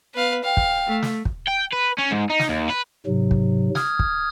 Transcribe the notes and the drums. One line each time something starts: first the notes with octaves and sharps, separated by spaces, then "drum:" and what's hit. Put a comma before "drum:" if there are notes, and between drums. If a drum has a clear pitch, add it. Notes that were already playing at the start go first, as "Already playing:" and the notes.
B3 B4 F5
F5 G5
drum: kick
A3
drum: snare
drum: kick
G5
B4
C#4
G#2
D#4
drum: snare
D#2
B4
G#2 C3 F#3
drum: kick
D#6 F6 G#6, drum: snare
drum: kick